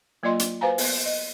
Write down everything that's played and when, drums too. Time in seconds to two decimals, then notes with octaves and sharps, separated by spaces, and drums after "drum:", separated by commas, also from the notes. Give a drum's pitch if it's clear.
0.23 F#3 A#3 F4 D5 D#5 C6
0.39 drum: hi-hat
0.61 F#4 B4 C5 F5 G#5 A#5
0.78 B3, drum: open hi-hat
1.05 D#5